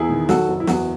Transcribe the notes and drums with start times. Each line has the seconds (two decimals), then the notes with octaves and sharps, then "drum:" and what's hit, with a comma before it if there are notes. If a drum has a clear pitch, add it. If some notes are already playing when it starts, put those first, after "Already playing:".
Already playing: E2 E4 G#4
0.09 D#3
0.29 F#3 F#4 A4, drum: snare
0.48 F#1
0.60 E4
0.67 E2 F#4, drum: snare